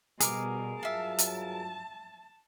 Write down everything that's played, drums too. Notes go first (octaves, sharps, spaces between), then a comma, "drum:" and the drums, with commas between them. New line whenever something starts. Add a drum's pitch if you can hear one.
B2 G3 G#4 A#4 D6, drum: hi-hat
G2 F#3 F4 E5 F5 A5
drum: hi-hat